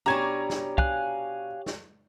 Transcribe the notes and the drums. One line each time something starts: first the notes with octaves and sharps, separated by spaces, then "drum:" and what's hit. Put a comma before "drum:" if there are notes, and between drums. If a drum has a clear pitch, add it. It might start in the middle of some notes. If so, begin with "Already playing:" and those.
B2 C#4 D4 G4 C#5 A#5 G#6
drum: snare
F5 G#5 F#6, drum: kick
drum: snare